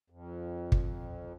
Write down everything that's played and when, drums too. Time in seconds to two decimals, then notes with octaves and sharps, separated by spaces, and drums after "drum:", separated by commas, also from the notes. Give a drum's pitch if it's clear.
0.10 F2
0.72 drum: kick